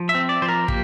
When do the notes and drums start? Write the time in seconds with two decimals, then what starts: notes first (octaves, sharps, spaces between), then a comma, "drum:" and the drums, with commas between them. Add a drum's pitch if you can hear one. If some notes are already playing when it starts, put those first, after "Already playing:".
Already playing: F3
0.09 E5
0.15 C4
0.29 D5
0.42 F3 C5
0.49 A#4
0.68 A#3 G4, drum: kick